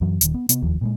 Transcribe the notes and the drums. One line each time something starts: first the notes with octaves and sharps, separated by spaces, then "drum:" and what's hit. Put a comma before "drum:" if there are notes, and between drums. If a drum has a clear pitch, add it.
F#2 E3 F#3
D#1 D#3, drum: hi-hat
B3
C3 B3, drum: hi-hat
F1 D#2 F3
A#2 G3 G#3